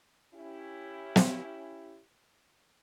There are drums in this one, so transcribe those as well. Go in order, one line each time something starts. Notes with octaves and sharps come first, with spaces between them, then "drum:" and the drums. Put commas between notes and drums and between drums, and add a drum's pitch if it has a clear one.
C#4 E4 G4
drum: snare